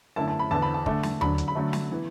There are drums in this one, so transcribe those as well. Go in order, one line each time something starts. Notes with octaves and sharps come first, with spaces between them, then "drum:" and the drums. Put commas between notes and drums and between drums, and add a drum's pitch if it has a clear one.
F#2 D3 A3 E4 A5
A5
B5
E2 D3 B3 A5
B5
A5
D3 A3 D4, drum: kick
drum: snare
D3 F#3 D4 B5, drum: tom D#2
drum: hi-hat
B5
D3 F#3 A3
drum: snare
E3 B3